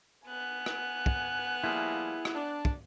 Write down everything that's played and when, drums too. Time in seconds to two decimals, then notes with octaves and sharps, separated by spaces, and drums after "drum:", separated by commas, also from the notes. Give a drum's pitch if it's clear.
0.27 B3 G#5 F#6
0.66 drum: rim click
1.06 drum: kick
1.64 F3 G3 A#3 E4 G#4
2.25 drum: rim click
2.35 D4
2.65 drum: kick